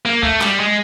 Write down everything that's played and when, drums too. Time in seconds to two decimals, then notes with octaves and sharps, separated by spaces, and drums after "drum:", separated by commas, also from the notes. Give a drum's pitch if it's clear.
0.05 A#3
0.23 A3, drum: kick
0.41 G3, drum: clap
0.60 G#3